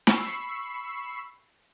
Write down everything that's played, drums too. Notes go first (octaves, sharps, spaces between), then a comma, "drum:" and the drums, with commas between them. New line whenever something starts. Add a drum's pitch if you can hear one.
B5 C#6 E6 C7, drum: snare